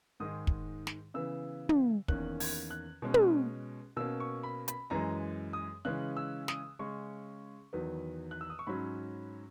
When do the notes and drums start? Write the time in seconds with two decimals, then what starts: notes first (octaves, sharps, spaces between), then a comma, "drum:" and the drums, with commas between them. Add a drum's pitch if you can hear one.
0.20 G#2 D#3 G#3 D#6
0.47 drum: kick
0.87 drum: snare
1.14 C#3 E3 B3 E6
1.69 drum: tom
2.08 E2 D#3 A#3 C#4 F#6, drum: kick
2.40 G#6, drum: open hi-hat
2.71 F#6
3.02 B2 G#3 C#4
3.14 drum: tom
3.97 B2 A#3 C#4 E6
4.20 C#6
4.43 B5
4.68 B5, drum: hi-hat
4.90 F#2 E3 G#3 A#5
5.53 D#6
5.85 C#3 E3 G#3 C#4 F#6
6.17 E6
6.48 D#6, drum: snare
6.79 C#3 G#3 C#4 C#6
7.73 E2 D#3 F#3 B3
8.31 F#6
8.41 E6
8.50 D#6
8.59 C#6
8.67 G#2 F#3 C#4 B5